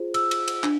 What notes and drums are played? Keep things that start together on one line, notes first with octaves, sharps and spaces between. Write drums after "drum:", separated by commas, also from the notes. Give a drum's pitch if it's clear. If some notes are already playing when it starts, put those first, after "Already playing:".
Already playing: F4 G#4 C5
E6, drum: cymbal
drum: cymbal
drum: cymbal
D4, drum: clap